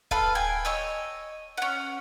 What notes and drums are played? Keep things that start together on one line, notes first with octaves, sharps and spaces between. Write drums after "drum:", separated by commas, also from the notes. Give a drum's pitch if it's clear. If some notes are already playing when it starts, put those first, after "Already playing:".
A4 B4 F5, drum: kick D1
G5 G#5
C#5 D#5 E6
C#4 F#5